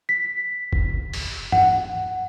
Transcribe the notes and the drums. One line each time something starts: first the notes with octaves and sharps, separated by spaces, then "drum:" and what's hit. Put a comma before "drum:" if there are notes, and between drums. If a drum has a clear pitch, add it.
B6
drum: kick
drum: open hi-hat
F#5, drum: tom